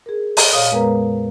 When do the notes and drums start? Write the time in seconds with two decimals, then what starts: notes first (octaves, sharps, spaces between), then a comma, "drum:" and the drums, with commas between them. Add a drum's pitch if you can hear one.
0.06 G#4 A#4
0.37 drum: open hi-hat
0.53 A#2 C#5 F5 D#6
0.71 F2 G#3 B3 A#4 B4 A#5